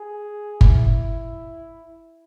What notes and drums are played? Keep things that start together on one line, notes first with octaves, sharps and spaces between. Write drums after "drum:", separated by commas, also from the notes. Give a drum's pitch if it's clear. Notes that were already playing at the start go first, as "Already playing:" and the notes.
Already playing: G#4
E4, drum: kick G1